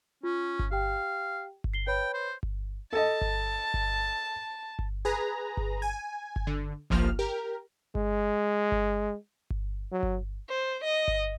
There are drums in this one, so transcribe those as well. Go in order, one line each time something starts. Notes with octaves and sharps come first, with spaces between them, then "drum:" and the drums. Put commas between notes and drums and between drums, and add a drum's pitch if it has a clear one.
C#4 F4
drum: kick G1
G4 F5 G5
drum: kick G1
C7 G7
B4 C#5 G5 B5
C5
drum: kick G1
A4 D#5 A5
drum: kick G1
drum: kick G1
drum: kick G1
G#4 B4 A#5
drum: kick G1
G#5
drum: kick G1
D3
G1 C2 F3 A#3 F6, drum: kick G1
G4 A#4
G#3, drum: kick G1
drum: kick G1
drum: kick G1
F#3
drum: kick G1
C5
D#5
drum: kick G1